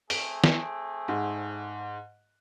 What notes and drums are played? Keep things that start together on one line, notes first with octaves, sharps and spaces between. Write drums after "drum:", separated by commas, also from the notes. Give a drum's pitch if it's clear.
A3 C4 G#4 D7, drum: open hi-hat
drum: snare
G#2